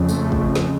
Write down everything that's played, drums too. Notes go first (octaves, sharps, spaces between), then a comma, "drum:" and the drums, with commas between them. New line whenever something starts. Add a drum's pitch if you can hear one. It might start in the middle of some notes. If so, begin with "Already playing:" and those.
Already playing: F2 C#3
A3, drum: tambourine
drum: kick
drum: snare